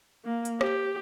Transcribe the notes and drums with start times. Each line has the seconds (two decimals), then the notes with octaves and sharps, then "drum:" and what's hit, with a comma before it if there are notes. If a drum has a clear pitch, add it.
0.25 A#3
0.45 drum: hi-hat
0.61 G4, drum: rim click